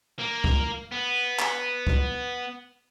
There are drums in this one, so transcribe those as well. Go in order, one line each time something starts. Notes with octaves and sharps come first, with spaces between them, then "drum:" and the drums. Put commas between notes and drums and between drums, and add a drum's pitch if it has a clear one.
A#3
drum: kick
B3
drum: clap
drum: kick